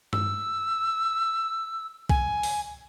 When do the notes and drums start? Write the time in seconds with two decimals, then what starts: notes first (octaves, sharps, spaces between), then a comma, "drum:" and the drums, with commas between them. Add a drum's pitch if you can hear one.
0.13 E6, drum: tom G2
2.09 G#5, drum: kick B1
2.43 drum: open hi-hat